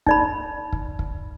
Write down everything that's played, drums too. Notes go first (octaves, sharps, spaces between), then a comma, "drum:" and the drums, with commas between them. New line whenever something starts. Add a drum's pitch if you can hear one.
D#4 D5 B5, drum: kick
drum: kick
drum: kick